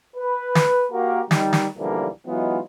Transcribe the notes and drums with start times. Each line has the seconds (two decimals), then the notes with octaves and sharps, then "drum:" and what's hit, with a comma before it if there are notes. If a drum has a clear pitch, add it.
0.16 B4
0.55 drum: snare
0.92 A#3 F#4 G4 A#4
1.31 D#3 G3 D#4, drum: snare
1.53 drum: snare
1.78 B1 D3 E3 F3 G3 A#3
2.27 E3 F#3 G#3 B3 D#4 F4